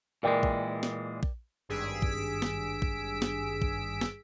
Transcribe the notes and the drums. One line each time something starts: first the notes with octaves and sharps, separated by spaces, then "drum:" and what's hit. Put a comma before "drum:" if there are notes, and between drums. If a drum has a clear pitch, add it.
A#2 E3 G#3 A#4 D5 G5
drum: kick A#1
drum: snare
drum: kick A#1
G#1 G2 G#4 E6 B6 D7
drum: kick A#1
drum: snare
drum: kick A#1
drum: snare
drum: kick A#1
drum: snare